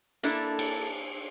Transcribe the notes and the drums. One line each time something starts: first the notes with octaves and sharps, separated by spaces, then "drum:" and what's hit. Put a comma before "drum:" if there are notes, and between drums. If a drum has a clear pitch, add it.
A#3 D4 E4 A4, drum: hi-hat
drum: cymbal